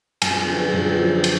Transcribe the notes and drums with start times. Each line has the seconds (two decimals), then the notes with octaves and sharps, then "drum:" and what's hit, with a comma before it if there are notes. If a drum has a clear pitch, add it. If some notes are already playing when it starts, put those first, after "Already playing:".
0.22 F#2 G#5, drum: cymbal
0.47 D3 F3
0.73 F#2
0.98 D3 F3
1.24 drum: cymbal